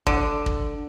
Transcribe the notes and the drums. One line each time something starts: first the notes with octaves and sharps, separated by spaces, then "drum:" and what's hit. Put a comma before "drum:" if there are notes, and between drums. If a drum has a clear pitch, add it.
D3, drum: kick
drum: kick